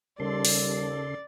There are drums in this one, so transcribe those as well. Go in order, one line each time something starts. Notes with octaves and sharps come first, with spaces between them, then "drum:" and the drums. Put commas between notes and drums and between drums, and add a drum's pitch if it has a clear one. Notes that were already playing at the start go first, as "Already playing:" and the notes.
D#2 C#3 G3 A4 D5 C6
drum: open hi-hat